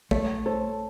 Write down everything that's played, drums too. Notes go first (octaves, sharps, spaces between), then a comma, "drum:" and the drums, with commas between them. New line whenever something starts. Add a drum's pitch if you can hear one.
A3 C#5, drum: kick
A4 C5